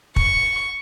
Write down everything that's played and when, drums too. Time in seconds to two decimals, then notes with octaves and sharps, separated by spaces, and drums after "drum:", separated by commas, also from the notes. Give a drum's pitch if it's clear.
0.16 C#6, drum: kick